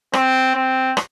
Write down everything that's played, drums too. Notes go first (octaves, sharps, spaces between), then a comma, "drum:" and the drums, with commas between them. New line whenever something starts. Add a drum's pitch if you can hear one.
C4, drum: rim click
C4
drum: rim click